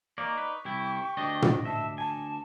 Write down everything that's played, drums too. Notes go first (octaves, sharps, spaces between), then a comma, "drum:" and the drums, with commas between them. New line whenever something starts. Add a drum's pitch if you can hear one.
A#3 D#4 D5 C#6
B4
C2 E4 G4
D2 D4 D#5
drum: tom
E5 A5
G#5 A5